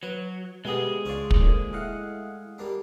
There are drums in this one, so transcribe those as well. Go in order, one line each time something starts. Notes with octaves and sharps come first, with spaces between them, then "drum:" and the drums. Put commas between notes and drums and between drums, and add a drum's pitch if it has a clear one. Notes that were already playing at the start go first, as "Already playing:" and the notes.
F#3 B4
D2 B2 G3 G#3 B3 G#4
C#2 C#4 D4 F4 D5
drum: kick
A#2 D3 F3
A2 D#5 F5 F#5
G3 A#3 D4